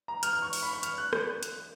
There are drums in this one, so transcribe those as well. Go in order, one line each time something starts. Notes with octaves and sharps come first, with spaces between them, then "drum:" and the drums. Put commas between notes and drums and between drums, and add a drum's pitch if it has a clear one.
A#5
F6, drum: hi-hat
F6
C#6
drum: open hi-hat
B5
C#6
F6, drum: hi-hat
F#6
drum: rim click
drum: hi-hat